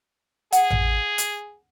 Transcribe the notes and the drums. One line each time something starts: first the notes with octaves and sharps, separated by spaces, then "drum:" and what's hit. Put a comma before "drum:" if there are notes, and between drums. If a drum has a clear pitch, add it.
G#4 F#5, drum: hi-hat
drum: tom A1
drum: hi-hat